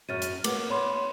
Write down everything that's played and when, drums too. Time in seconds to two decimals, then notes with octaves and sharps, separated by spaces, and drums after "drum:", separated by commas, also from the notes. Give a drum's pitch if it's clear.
0.09 F#2 F#3 F6 A6 D#7
0.22 drum: hi-hat
0.44 A#3 B3 D6, drum: cymbal
0.70 B3 C#5 B5 C6